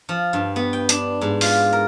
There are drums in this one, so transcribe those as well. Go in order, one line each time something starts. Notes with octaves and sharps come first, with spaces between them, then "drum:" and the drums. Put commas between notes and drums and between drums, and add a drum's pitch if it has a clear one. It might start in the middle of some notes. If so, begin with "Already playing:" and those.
F3
G2
B3
G5
D4, drum: hi-hat
G#2
F4, drum: open hi-hat
A#4